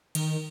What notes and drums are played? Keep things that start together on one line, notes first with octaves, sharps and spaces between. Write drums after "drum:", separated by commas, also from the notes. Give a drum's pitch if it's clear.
D#3, drum: cymbal